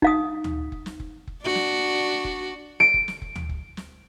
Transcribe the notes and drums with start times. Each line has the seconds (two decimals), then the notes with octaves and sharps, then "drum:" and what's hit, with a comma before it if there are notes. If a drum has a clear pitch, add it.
0.02 D#4 F5 D#6, drum: kick F#1
0.44 drum: tom
0.72 drum: kick F#1
0.86 drum: snare
1.00 drum: kick F#1
1.27 drum: kick F#1
1.43 D4 F#4
1.55 drum: snare
2.25 drum: kick F#1
2.80 D7
2.94 drum: kick F#1
3.08 drum: snare
3.22 drum: kick F#1
3.36 drum: tom
3.49 drum: kick F#1
3.77 drum: snare